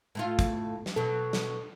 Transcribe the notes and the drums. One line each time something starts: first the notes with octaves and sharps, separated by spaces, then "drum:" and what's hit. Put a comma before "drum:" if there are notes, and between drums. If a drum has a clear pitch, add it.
A2 A3 F4
drum: kick, hi-hat
drum: snare
B2 F#3 A4
drum: snare